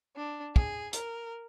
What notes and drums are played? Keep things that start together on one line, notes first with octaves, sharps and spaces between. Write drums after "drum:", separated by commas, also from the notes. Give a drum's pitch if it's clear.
D4
G#4, drum: kick
A#4, drum: hi-hat